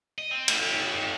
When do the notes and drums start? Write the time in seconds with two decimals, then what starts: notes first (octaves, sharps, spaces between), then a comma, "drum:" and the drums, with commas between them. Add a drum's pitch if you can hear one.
0.18 D#5
0.31 C4
0.48 A2, drum: cymbal
0.62 G4 C#5
0.79 A2 B3
0.95 F2